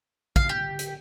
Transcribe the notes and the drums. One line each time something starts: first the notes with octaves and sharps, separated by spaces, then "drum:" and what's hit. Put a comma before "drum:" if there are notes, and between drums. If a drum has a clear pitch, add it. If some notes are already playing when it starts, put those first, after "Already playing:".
F5, drum: kick
G4
drum: hi-hat